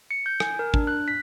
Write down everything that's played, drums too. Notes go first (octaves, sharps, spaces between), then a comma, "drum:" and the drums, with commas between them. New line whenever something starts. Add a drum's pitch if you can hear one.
C#7
G6
G#5, drum: rim click
A#4
D4, drum: kick
F#6
B6